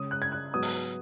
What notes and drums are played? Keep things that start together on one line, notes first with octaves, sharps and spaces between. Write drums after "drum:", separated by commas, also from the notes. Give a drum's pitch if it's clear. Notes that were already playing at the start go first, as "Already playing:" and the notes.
Already playing: C#3 G#3 C#4 D#6
F#6
G#6
F#6
G#2 F#3 B3 D#6
drum: open hi-hat